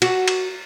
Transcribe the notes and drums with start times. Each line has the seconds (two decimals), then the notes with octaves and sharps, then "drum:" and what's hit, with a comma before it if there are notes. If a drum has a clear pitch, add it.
0.02 F#4, drum: cymbal
0.28 drum: cymbal